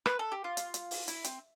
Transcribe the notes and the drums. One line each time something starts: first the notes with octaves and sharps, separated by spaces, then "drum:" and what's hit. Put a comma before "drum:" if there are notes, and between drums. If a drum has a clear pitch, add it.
B4, drum: rim click
A4
G4
F4
drum: hi-hat
drum: hi-hat
drum: open hi-hat
E4, drum: hi-hat
C4, drum: hi-hat